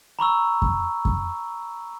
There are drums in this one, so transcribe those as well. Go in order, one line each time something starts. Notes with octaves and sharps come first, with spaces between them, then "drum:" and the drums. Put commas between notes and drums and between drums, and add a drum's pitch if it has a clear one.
A#5 B5 C#6 E6
drum: kick F2
drum: kick F2